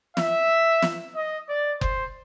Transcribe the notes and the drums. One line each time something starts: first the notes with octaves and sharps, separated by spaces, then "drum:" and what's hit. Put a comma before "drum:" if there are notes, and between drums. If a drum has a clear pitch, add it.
E5, drum: snare
drum: snare
D#5
D5
C5, drum: kick F#1